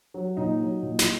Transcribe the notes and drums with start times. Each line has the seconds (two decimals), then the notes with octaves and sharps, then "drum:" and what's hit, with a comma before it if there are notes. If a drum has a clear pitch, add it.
0.14 F#3
0.37 A#2 D#4
0.60 F#3
0.83 A#2
0.99 drum: snare